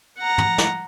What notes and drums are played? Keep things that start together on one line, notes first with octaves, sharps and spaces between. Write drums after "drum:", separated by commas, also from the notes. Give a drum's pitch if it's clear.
F#5 A#5
drum: tom
drum: snare